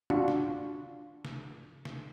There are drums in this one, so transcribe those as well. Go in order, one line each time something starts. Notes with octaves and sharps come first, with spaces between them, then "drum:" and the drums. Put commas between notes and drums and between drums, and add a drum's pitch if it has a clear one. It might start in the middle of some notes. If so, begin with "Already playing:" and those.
D4 F4 F#4, drum: tom D#3
drum: snare
drum: snare
drum: snare